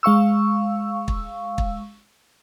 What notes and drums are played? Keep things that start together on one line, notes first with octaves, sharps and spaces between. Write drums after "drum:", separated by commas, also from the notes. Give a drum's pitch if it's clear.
G#3 F5 C#6 E6
drum: kick
drum: kick